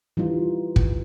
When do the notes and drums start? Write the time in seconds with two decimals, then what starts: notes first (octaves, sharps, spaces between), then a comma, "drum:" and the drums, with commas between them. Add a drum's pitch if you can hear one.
0.17 E3 G3 D#4 F4
0.76 drum: kick